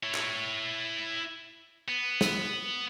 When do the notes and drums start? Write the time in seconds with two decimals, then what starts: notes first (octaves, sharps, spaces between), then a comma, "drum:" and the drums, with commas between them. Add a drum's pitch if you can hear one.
0.03 E4 C#5
0.14 drum: clap
1.88 B3
2.21 drum: snare